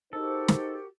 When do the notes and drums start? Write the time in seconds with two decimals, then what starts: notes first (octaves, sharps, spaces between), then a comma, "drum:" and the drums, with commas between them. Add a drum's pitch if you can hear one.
0.13 D#4 F#4 G4 A4 A#4 C5
0.48 drum: snare